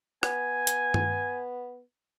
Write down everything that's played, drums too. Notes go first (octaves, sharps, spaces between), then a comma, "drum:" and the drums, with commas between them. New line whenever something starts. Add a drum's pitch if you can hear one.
B3 G#5, drum: rim click
drum: hi-hat
drum: tom G2